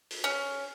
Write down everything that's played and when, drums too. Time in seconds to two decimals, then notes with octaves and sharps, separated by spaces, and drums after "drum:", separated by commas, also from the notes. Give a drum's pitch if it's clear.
0.11 drum: open hi-hat
0.24 C#4